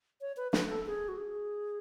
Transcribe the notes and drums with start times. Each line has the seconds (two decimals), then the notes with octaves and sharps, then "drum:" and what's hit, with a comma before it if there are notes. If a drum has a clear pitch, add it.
0.21 C#5
0.37 B4
0.53 B4, drum: snare
0.70 A4
0.86 G#4
1.08 F#4
1.18 G#4